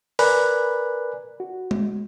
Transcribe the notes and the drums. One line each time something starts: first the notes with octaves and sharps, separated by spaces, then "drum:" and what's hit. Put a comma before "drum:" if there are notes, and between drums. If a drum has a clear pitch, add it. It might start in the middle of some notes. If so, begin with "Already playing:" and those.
A#4 B4 D5 G#5 B5 F#6, drum: open hi-hat
F#4
drum: tom G#3